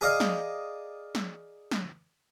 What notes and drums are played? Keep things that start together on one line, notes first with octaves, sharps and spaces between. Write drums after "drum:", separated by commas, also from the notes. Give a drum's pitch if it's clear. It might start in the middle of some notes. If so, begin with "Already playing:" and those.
G#4 A#4 D5 D#5 F5
drum: snare
drum: snare
drum: snare